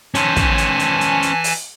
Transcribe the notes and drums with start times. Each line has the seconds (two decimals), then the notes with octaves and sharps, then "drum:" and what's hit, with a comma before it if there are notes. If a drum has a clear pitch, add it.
0.15 E3 C#4 C5 G#5 A5, drum: hi-hat
0.36 drum: kick, hi-hat
0.58 drum: hi-hat
0.79 drum: hi-hat
1.01 drum: hi-hat
1.22 drum: hi-hat
1.44 drum: open hi-hat